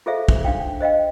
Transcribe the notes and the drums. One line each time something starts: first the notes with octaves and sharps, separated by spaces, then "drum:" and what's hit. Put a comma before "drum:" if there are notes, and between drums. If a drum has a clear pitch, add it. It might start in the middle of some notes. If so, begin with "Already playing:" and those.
F4 G#4 A4 C5 E5 F5
drum: kick
D4 F5 G5
C5 D#5 F5 G5